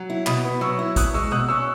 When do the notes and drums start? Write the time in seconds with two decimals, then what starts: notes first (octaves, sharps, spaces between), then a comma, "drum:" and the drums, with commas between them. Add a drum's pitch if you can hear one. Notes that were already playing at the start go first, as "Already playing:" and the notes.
Already playing: F#3
0.10 E4
0.26 B2 B5 D#6, drum: clap
0.45 B3
0.61 F#3 C#6 E6
0.79 E4
0.96 E2 D#6 F#6, drum: kick A1, hi-hat
1.14 G#3 C#6 E6
1.31 B2 D#6 F#6
1.49 C#4 C#6 E6